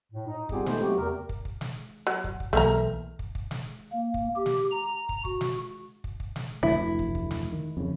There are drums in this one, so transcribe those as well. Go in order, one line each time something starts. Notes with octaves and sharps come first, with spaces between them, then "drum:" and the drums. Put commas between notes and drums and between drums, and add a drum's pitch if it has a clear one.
A2
D#4
G3 B3 C4 F4 G4 G#4, drum: kick
G#3 A3 B3 D#4 A4 C5, drum: snare
F#3 A3 B3 C4 F#4 G4
E2 C3 A#4
drum: kick
drum: kick
drum: snare
F#3
drum: kick
drum: kick
B1 E3 A3 A#3 A#5
drum: kick
drum: kick
drum: snare
A#3
drum: kick
G4
drum: snare
A#5
drum: kick
F#4, drum: kick
drum: snare
drum: kick
drum: kick
drum: snare
F1 D2 E3 E4
drum: kick
drum: kick
drum: snare
D#3
F2 C#3